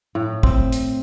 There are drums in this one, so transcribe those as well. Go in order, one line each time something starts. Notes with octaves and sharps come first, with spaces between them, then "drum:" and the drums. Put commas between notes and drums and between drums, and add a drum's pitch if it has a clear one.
A2
C4, drum: kick
drum: hi-hat